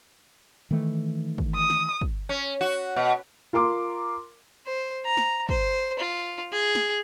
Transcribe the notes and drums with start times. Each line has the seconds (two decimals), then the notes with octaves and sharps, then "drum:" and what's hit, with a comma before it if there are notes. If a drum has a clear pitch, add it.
0.71 D#3 E3 A3
1.38 drum: kick
1.56 D#6
1.70 drum: snare
2.01 drum: kick
2.29 C#4
2.61 F#4
2.96 B2
3.53 F4 A#4 C6 D6
4.66 C5
5.05 A#5
5.17 drum: snare
5.49 C5, drum: kick
5.99 F4
6.52 G#4
6.75 drum: snare